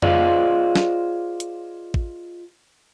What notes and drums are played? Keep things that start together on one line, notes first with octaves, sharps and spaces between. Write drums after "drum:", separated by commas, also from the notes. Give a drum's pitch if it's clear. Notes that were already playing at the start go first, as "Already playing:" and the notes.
F4 G#4 C5 D5 D#5 F5, drum: tom F2
drum: snare
drum: hi-hat
drum: kick